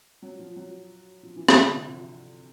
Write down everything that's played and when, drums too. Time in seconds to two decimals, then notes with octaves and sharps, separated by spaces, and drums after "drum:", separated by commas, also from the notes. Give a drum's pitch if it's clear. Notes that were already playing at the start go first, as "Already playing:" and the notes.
0.22 F#3
0.39 F3
0.56 F#3
1.23 F3
1.36 E3
1.48 E3, drum: rim click
1.61 D3
1.74 C3
1.87 F3